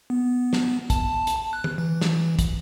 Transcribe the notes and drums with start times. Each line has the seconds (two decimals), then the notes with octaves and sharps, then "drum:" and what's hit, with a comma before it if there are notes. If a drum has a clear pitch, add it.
0.10 B3
0.53 drum: snare
0.90 A5, drum: kick, hi-hat
1.27 drum: hi-hat
1.53 F#6
1.64 drum: tom D#3
1.78 E3
2.01 drum: snare
2.39 drum: kick, hi-hat